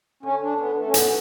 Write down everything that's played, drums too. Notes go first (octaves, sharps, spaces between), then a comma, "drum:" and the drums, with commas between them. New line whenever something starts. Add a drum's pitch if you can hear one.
D3 C#4
D4
D3 B3
A3
C#4
F#3 B3, drum: hi-hat